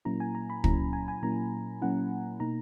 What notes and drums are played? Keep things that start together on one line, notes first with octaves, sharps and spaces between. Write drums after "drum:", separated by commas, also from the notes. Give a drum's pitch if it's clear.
A#2 F#3 A#3 C#4 E4 A#5
G#5
A#5
B5
A#2 F#3 A#3 C#4 E4 A#5, drum: kick
G#5
G#5
A#2 F#3 A#3 C#4 E4 A#5
A#2 F#3 A#3 C#4 E4 F#5
B2 A#3 D#4 A#5